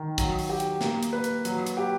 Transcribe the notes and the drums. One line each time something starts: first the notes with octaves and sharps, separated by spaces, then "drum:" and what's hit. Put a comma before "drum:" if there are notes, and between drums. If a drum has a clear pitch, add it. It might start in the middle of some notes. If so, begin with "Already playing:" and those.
Already playing: D#3
F#3, drum: kick, hi-hat
drum: open hi-hat
G4
drum: hi-hat
A#3, drum: snare
drum: hi-hat
B4
drum: hi-hat
F#3, drum: hi-hat
drum: hi-hat
G4